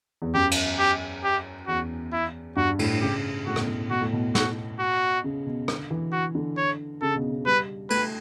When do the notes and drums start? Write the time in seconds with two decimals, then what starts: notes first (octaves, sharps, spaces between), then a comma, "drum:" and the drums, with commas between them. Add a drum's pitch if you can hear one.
0.22 E2
0.35 F#2 G4
0.51 drum: cymbal
0.79 G4
1.24 G4
1.67 E2 F#4
2.13 E4
2.56 G2 F#4
2.79 A2, drum: cymbal
3.01 C#3 G4
3.46 A2 F#4
3.56 B2, drum: rim click
3.67 A2
3.90 B2 F#4
4.01 A2
4.12 B2
4.35 F#4, drum: snare
4.80 F#4
5.24 C#3
5.46 B2
5.68 D3, drum: rim click
5.91 E3
6.13 F#4
6.35 D3
6.58 C#5
7.02 C#3 A4
7.16 B2
7.29 C#3
7.46 G3 B4
7.90 A3 B4, drum: cymbal